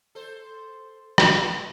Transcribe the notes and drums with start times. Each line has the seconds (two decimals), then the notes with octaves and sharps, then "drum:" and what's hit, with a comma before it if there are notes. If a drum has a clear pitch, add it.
0.15 A4 C5
1.18 G#3, drum: rim click